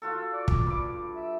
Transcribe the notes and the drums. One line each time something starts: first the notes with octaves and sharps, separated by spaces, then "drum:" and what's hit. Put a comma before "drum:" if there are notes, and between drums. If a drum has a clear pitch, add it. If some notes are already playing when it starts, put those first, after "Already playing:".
F4 F#4 A4
D5
drum: kick
G2 D6
E5